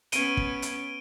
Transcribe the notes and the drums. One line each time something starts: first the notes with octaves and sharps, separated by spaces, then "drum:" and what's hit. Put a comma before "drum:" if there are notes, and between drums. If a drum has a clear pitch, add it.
B3 C#4 D7 D#7 G7, drum: hi-hat
drum: kick
drum: hi-hat